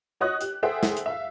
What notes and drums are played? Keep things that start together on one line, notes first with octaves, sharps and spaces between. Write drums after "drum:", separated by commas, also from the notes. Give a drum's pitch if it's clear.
F#4 C#5 D#5 D#6 F#6
G4, drum: hi-hat
G#4 A4 C5 E5 F#5 G5
drum: snare
drum: hi-hat
E5 F5